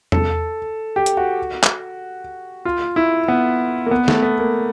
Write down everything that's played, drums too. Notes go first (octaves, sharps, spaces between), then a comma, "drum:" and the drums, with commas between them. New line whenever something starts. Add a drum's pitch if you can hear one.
A4, drum: tom E2
G4
drum: hi-hat
F#4
drum: clap
F4
E4
B3
A#3
B3
A3, drum: snare
B3
A#3